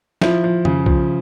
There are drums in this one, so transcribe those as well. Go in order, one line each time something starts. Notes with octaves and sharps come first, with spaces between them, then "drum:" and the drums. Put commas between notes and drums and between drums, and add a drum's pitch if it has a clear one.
F3 E4, drum: snare
F3
C#3, drum: tom F2
F3, drum: kick B1